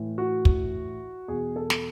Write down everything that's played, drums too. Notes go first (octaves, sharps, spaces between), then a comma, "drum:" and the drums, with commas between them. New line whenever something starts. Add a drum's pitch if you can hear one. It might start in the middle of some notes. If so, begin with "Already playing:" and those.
Already playing: A2 E3
F#4
drum: kick
E2 B2 G#4
A4
drum: snare